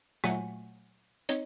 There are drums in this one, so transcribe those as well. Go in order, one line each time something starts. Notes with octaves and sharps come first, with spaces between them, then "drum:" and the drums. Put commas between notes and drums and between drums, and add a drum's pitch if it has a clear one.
A#2 F#3 A3 F#5 G#5, drum: rim click
C4 D#4 C#5 D#5, drum: hi-hat